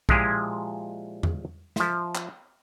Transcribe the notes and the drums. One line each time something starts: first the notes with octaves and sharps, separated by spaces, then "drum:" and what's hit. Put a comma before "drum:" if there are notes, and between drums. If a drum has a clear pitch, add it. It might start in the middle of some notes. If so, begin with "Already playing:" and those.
A#2 F3 G#3 E4 G4 G#4, drum: kick
drum: tom E2
F3 E5, drum: snare
drum: clap